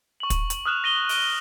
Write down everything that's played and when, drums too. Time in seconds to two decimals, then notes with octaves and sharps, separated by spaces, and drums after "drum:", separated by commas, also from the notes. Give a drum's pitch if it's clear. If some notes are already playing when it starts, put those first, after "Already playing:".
0.20 C#6 F#7
0.30 drum: kick, hi-hat
0.50 drum: hi-hat
0.65 D#6 F6 F#6 E7 F7
0.84 A#6 D#7 G7
1.09 D7, drum: open hi-hat